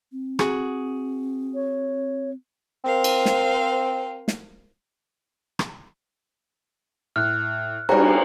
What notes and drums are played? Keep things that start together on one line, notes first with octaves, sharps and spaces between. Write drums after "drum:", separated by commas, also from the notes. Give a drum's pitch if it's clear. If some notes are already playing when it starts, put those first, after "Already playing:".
C4
F#4 G#4, drum: rim click
C#5
C4 A#4 C5 F5
drum: cymbal
drum: snare
drum: snare
drum: rim click
A2 F6 F#6
G3 F#4 A#5, drum: cymbal